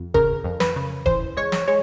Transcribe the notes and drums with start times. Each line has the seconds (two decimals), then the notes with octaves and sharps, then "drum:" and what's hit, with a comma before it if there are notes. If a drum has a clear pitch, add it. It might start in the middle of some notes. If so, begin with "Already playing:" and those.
Already playing: F2
0.14 C#3 A#4, drum: kick E1
0.44 F2
0.60 B4, drum: snare
0.76 C#3
1.06 E3 C5, drum: kick E1
1.37 G#3 C#5
1.52 drum: snare
1.68 G#3 C#5